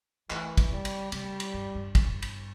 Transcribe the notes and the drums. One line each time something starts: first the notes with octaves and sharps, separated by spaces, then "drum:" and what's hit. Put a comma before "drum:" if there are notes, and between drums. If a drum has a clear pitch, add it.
E3 A3, drum: clap
drum: kick, cymbal
C3 G3
drum: cymbal
C3 G3, drum: cymbal
drum: cymbal
G2
G2
drum: kick, cymbal
drum: cymbal